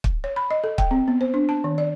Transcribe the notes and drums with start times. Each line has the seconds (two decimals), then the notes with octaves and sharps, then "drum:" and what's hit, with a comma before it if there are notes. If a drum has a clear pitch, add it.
0.04 drum: kick
0.24 C#5
0.36 B5
0.51 D#5
0.64 A4
0.78 G5, drum: kick
0.91 C4
1.08 B3
1.21 C5
1.34 D4
1.49 A5
1.64 D#3
1.78 D5